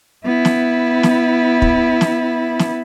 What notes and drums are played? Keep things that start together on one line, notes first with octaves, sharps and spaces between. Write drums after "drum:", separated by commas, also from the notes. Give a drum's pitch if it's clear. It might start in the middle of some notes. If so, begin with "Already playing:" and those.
B3 E4
drum: snare
drum: snare
drum: kick
drum: snare
drum: snare